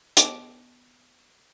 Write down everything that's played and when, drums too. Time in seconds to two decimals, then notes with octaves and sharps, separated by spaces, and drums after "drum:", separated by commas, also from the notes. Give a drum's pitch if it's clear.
0.17 B3 D#5 G5 D6, drum: hi-hat